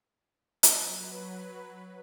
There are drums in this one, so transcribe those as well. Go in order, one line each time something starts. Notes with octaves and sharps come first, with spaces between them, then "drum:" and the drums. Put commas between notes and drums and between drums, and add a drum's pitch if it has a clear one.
F#3 B4, drum: hi-hat